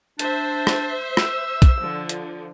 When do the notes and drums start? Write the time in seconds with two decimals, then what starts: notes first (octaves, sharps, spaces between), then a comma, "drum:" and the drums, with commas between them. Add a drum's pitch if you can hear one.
0.19 D4 C5 E5, drum: hi-hat
0.67 drum: rim click
1.17 E6, drum: rim click
1.62 drum: kick, hi-hat
1.79 D3 F3
2.09 drum: hi-hat